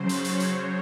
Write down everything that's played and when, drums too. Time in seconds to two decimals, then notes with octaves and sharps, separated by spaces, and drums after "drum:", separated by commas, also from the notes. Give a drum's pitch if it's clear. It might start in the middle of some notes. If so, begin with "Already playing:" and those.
Already playing: C#3 F#3 C5
0.09 C#5, drum: hi-hat
0.24 drum: hi-hat
0.40 drum: hi-hat